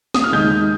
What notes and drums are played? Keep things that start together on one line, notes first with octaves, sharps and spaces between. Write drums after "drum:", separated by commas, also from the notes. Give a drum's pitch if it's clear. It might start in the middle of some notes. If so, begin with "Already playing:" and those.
D#6, drum: snare
F6
D#2 D#3 G#3 G6